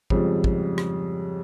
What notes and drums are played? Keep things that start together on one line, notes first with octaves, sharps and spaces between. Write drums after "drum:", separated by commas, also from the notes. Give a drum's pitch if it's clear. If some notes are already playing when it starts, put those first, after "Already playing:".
F2 G#2 C#3 F3 G3, drum: kick
drum: kick
drum: rim click